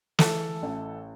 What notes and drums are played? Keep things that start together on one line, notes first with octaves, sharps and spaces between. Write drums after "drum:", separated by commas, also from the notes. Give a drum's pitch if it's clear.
E3 A4, drum: snare
A1